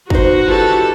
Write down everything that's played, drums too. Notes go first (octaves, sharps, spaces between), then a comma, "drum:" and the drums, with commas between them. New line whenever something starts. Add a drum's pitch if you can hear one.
D#4 F#4 C5, drum: kick
F4 G4 A4 B4 D5